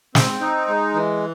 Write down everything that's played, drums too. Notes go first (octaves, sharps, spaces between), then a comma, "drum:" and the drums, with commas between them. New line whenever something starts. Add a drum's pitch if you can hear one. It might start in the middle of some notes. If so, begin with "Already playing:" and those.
C4, drum: snare
D#4
G#3
E3